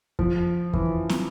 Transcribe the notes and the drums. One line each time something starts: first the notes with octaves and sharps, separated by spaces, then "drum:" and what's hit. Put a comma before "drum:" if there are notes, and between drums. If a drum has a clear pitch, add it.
F3, drum: kick F2
E3, drum: kick F2
drum: snare